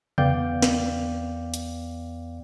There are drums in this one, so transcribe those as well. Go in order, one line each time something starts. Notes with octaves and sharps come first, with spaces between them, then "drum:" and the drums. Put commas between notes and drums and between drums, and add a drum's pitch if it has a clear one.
E2 B3 D5 F5 G5 G6, drum: tom C3
drum: snare
drum: hi-hat